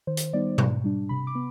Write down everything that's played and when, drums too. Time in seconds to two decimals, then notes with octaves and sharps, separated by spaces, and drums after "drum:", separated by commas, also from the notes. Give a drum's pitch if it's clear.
0.07 D#3 C5
0.17 drum: hi-hat
0.33 G3 B3 D#4 D5
0.58 G#2, drum: tom B2
0.84 G3 D4
1.09 C3 B5
1.27 D6
1.35 B3